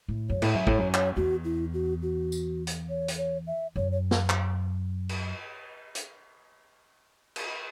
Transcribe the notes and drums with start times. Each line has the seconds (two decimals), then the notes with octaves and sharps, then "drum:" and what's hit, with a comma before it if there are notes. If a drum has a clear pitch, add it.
0.08 A2
0.29 F#2 C#5
0.42 A2, drum: cymbal
0.52 F#2 E5
0.67 A2, drum: kick G#1
0.73 C#5
0.78 F#2
0.94 C#5, drum: clap
1.16 E2 F#4
1.45 E4
1.74 F#4
2.02 F#4
2.32 drum: tambourine
2.67 drum: hi-hat
2.89 C#5
3.08 drum: hi-hat
3.18 C#5
3.47 E5
3.76 F#2 C#5
3.92 C#5
4.11 drum: snare
4.30 drum: clap
5.09 drum: cymbal
5.95 drum: hi-hat
7.36 drum: cymbal